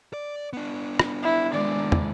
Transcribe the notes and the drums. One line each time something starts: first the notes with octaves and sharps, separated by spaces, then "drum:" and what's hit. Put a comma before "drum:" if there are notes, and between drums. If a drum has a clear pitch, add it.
D5
B3 D4
drum: rim click
E4
D#2 G#3 D5
drum: tom